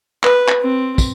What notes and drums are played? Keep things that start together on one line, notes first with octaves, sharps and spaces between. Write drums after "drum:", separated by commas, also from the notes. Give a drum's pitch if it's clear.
B4, drum: clap
drum: clap
C4
drum: kick, tambourine